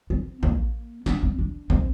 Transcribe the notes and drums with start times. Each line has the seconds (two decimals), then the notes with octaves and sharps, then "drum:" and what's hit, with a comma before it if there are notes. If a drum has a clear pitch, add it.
0.10 C4
0.43 A#3, drum: kick
1.06 D4, drum: snare G#3
1.23 C4
1.39 D4
1.70 C4, drum: kick